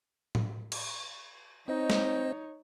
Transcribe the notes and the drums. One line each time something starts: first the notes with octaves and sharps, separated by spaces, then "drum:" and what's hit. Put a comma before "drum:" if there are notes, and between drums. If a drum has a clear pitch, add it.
drum: tom A2
drum: cymbal
C4 D#4 C5 C#5 D#5
drum: snare